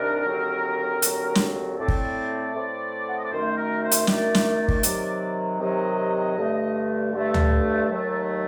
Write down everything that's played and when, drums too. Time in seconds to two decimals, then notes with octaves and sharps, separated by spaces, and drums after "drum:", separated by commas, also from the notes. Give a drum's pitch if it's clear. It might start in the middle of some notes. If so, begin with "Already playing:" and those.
Already playing: C2 C3 D#3 G3 D4 A#4
0.25 D#2 D3 F#3 C4
1.02 D#2 D3 F#3 C4, drum: hi-hat
1.35 drum: snare
1.78 A2 A3 C4 D5
1.88 drum: kick
2.55 A2 A3 C4
3.08 F#5
3.16 D#5
3.24 D5
3.31 F#2 D#3 A3 C5
3.57 A#4
3.82 C5
3.91 drum: hi-hat
4.07 F#2 D#3 A3 D5, drum: snare
4.35 drum: snare
4.68 drum: kick
4.83 C3 D#3 F#3, drum: hi-hat
5.59 C3 D#3 F#3 D#5
6.37 G2 D3 A3
7.12 G2 D3 A3
7.34 drum: tom D2
7.89 D#2 D#3 F#3 A3